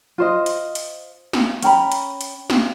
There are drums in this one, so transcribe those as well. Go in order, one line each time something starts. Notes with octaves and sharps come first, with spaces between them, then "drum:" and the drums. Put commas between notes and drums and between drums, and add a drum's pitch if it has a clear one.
F4 C5 D#5
drum: hi-hat
drum: hi-hat
drum: snare
C#4 G5 A#5 B5, drum: hi-hat
drum: hi-hat
drum: hi-hat
drum: snare